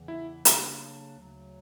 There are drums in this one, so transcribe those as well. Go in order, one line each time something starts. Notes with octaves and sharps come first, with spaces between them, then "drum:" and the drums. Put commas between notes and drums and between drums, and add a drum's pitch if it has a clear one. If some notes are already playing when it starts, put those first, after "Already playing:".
Already playing: E2 C#3 E3
E4
C#3 F#3 A#3 D4, drum: hi-hat
D2 C#3 F#3